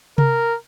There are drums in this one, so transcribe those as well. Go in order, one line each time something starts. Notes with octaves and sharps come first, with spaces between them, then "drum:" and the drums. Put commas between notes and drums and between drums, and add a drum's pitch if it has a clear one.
A#4, drum: tom C3